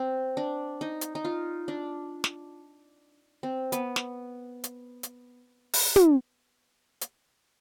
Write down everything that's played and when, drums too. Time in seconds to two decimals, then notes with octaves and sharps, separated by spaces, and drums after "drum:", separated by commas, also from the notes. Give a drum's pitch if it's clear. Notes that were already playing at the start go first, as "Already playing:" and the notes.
Already playing: C4
0.37 D4
0.81 D#4
1.01 drum: hi-hat
1.15 D#4
1.25 F4
1.68 D4
2.24 drum: snare
3.43 C4
3.72 B3, drum: hi-hat
3.96 drum: snare
4.64 drum: hi-hat
5.03 drum: hi-hat
5.73 drum: open hi-hat
5.96 drum: tom
7.01 drum: hi-hat